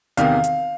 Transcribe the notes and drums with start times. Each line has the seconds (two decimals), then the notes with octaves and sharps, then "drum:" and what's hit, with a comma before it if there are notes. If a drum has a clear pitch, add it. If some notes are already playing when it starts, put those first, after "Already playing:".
0.17 E2 C3 D#3 F5, drum: hi-hat
0.44 drum: hi-hat